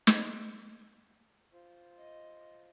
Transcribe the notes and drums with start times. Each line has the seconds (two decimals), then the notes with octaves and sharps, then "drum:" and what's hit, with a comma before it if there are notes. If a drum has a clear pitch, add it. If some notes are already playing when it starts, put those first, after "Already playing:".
0.07 drum: snare
1.53 F4 C5
1.97 D#5